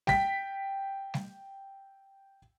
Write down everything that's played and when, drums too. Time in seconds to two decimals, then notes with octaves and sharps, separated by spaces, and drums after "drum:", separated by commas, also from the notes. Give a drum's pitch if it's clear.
0.07 G5 B6, drum: snare G3
1.14 drum: snare G3